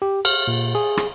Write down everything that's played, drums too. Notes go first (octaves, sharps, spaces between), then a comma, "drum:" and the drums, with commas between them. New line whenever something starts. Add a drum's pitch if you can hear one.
G4
F6, drum: cymbal
A#2
G#4
drum: rim click